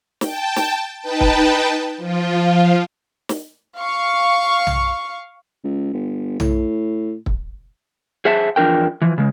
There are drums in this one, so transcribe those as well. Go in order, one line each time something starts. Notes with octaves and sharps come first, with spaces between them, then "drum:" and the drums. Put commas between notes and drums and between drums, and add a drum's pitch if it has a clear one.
G5 A5, drum: snare
drum: snare
D#4 B4 G5 A5
drum: kick
F3 F4
drum: snare
F5 C#6
drum: tom
C#2
G1
A2, drum: tom
drum: kick
G#4 C5 E5 F#5 A5
E2 F3 D4 A#4 G5
E3 F3
C#3 G#3